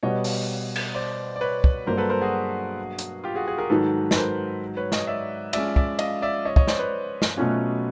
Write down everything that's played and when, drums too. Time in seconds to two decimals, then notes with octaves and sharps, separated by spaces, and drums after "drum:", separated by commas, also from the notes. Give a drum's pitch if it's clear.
0.03 B2 G3 B3 C#5 D#5
0.24 drum: open hi-hat
0.76 drum: cymbal
0.94 C5 D5
1.36 D5
1.41 B4 C#5
1.64 drum: kick
1.86 G2 D3 F#3 A#3 D4 A#4 C5
1.97 A4 B4
2.10 A#4 C5
2.21 F#4 G#4
2.99 drum: hi-hat
3.24 F4 G4
3.35 F#4 G#4
3.47 F#4 G#4
3.58 G#4 A#4
3.70 G#2 D#3 F#3 A4 B4
4.11 B4, drum: snare
4.15 A#4 C5
4.77 B4 C#5
4.92 C#5 D#5, drum: snare
5.07 D5 E5
5.53 F3 G#3 C#4 D5 E5, drum: cymbal
5.76 D5 E5, drum: kick
5.99 D#5 F5, drum: cymbal
6.22 D5 E5
6.45 C#5 D#5
6.56 C#5 D#5, drum: kick
6.67 C5 D5, drum: snare
6.79 B4 C#5
7.22 drum: snare
7.37 B2 F#3 A3 C#4 F4